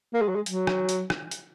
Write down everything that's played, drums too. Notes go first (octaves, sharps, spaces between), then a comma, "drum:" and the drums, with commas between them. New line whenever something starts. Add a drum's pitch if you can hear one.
A#3
G#3
F#3
G#3
F#3, drum: hi-hat
drum: rim click
drum: hi-hat
drum: rim click
drum: hi-hat